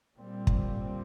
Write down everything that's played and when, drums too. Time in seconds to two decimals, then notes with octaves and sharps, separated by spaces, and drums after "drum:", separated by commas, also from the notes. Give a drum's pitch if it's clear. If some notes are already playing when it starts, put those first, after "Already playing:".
0.16 A#2 G3 C4
0.47 drum: kick